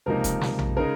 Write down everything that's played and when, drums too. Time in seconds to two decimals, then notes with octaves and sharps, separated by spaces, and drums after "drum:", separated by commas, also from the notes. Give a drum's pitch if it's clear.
0.06 C#2 C3 F3 A#3 D#4 A#4
0.24 drum: kick F1, hi-hat
0.41 drum: snare
0.59 drum: tom A#1
0.77 C#3 G#3 D#4 A#4